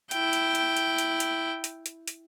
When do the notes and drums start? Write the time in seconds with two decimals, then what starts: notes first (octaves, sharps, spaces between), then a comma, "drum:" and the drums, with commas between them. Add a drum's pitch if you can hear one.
0.11 E4 G5, drum: hi-hat
0.33 drum: hi-hat
0.55 drum: hi-hat
0.77 drum: hi-hat
0.98 drum: hi-hat
1.20 drum: hi-hat
1.64 drum: hi-hat
1.86 drum: hi-hat
2.08 drum: hi-hat